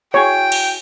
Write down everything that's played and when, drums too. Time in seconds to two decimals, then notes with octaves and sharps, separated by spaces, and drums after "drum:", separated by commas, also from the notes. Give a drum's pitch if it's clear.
0.14 E4 F#4 G#4 C#5 G5
0.52 drum: cymbal